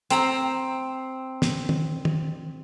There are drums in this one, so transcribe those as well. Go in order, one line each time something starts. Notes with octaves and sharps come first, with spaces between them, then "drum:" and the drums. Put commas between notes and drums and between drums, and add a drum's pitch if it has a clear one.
C4 A#5, drum: hi-hat
drum: snare
drum: tom
drum: tom